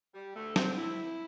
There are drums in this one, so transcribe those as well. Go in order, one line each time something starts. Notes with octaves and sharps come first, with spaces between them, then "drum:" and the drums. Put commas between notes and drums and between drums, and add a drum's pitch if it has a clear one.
G3
D2 A3
D3 C4, drum: snare
E4